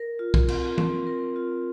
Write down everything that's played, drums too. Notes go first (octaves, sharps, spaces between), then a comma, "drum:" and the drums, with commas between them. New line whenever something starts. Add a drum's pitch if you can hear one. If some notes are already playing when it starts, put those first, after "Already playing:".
Already playing: A#4
F4
drum: kick
C4, drum: cymbal
C4, drum: tom
A#4
F4